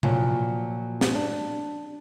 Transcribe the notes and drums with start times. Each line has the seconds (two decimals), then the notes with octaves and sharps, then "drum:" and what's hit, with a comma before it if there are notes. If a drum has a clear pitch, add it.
0.03 A#2 F3 F#3, drum: tom C3
1.01 drum: snare
1.15 D4